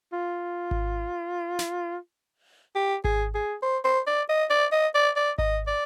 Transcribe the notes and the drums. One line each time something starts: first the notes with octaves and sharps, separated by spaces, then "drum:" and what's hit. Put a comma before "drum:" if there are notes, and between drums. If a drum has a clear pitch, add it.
F4
drum: kick G#1
drum: snare
G4
G#4, drum: kick G#1
G#4
C5
C5
D5
D#5
D5
D#5
D5
D5
D#5, drum: kick G#1
D5